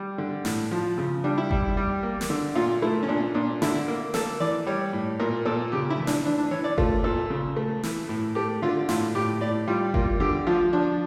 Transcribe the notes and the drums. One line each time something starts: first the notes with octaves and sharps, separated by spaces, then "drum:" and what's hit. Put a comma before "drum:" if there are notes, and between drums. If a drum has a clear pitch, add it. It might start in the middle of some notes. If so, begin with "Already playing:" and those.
Already playing: G3
D3
A2, drum: snare
F3
C#3
G3 D4
E4
G3, drum: kick G1
G3
A#3
drum: snare
D3
A#2 F4
A3 E4
C#4
A#2 D4
A#2 D4
D3 E4, drum: snare
A#3
A#3 A4, drum: snare
E3 D5
G3 C#5
A2
A#2 A#4
A#2 A4
C#3 G4
E4
E3
D4, drum: snare
E3 D4
D4
E3 C#5
D5
A3 F4, drum: kick G1
A#2 A4
C#3
A3
E3, drum: snare
A2
A3 G4
D3 F4
A2 F4, drum: snare
A2 G4
A2 D5
G3 F4
A#3 F4, drum: kick G1
D3 G4
F3 F4
F3 D4